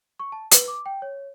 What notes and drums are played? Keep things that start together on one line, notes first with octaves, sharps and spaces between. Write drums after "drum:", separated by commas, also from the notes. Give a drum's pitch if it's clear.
C#6
A5
B4, drum: hi-hat
D6
G5
C#5